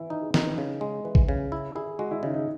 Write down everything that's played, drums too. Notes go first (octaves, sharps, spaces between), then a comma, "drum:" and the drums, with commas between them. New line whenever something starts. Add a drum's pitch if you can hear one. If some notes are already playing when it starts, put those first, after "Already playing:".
Already playing: E3 E4
D#4 E4
G#4
D#4 A#4, drum: snare
B4
C#3
G#3
E3 B4
drum: kick A1
C#3
E4
E4 G#4
G#3 F#4
E4
C#3 D#4
E4
D#4